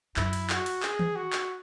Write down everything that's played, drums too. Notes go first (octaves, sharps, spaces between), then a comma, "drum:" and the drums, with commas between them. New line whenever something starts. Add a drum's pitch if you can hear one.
F#2 E4, drum: clap
drum: cymbal
F#4, drum: clap
drum: cymbal
G#4, drum: clap
drum: tom D#3
F#4
drum: clap